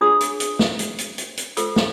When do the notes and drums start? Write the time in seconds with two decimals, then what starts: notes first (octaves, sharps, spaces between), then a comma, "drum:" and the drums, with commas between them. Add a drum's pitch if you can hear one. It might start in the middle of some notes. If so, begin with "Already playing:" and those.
0.01 D4 F4 G#4 C#5 D#6
0.20 drum: hi-hat
0.40 drum: hi-hat
0.59 drum: snare
0.79 drum: hi-hat
0.98 drum: hi-hat
1.18 drum: hi-hat
1.37 drum: hi-hat
1.57 F4 A4 C5 E6, drum: hi-hat
1.76 drum: snare